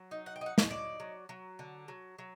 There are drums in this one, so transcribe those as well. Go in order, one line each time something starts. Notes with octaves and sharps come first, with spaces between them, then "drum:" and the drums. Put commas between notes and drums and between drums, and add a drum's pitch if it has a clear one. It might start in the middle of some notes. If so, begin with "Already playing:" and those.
Already playing: F#3
D#4
F#5
G5
D#4 F#5
drum: snare
F#3 D5
F#3
F#3
D3
F#3
F#3